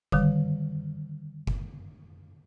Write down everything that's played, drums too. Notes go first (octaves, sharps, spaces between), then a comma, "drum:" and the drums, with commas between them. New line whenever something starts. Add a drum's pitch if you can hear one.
D3 D#3 G3, drum: kick F#1
drum: kick F#1